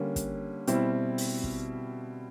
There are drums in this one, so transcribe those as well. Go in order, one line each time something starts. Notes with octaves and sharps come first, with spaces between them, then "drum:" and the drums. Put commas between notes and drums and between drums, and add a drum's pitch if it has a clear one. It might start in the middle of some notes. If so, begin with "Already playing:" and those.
Already playing: D3 G3 A#3 C#4
drum: kick, hi-hat
B2 G3 C4 E4, drum: hi-hat
drum: open hi-hat
drum: kick